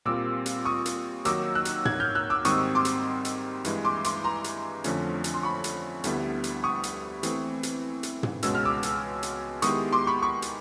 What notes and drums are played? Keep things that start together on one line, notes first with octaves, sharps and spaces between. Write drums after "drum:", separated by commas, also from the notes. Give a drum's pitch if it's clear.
A#2 G3 C4 F4 A#4 D6 E6
drum: hi-hat
C#6 D#6
drum: hi-hat
D#3 F#3 A#3 D#4 F#4 D6 E6, drum: hi-hat
E6 F#6
drum: hi-hat
F#6 G#6, drum: tom
F6 G6
E6 F#6
D6 E6
G#2 D#3 G3 C4 C#6 D#6, drum: hi-hat
C6 D6
drum: hi-hat
drum: hi-hat
G2 E3 G#3, drum: hi-hat
C6 D6
C6 D6, drum: hi-hat
A#5 C6
drum: hi-hat
F2 D3 F3 A3 C#4, drum: hi-hat
drum: hi-hat
C6
B5 C#6
drum: hi-hat
D2 D3 G3 B3 E4, drum: hi-hat
drum: hi-hat
C#6 D#6
drum: hi-hat
E3 A3 C4, drum: hi-hat
drum: hi-hat
drum: hi-hat
drum: tom
C#2 B2 G#3 C#4 F#4 E6, drum: hi-hat
F6
D6 E6
drum: hi-hat
drum: hi-hat
D#3 G#3 B3 E4 G4 C#6 D#6, drum: hi-hat
C6 D6
B5 C#6
B5 C#6
drum: hi-hat